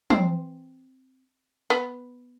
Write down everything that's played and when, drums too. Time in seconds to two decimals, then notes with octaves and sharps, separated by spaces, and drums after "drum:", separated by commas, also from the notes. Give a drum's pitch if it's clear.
0.10 C4, drum: tom
1.70 B3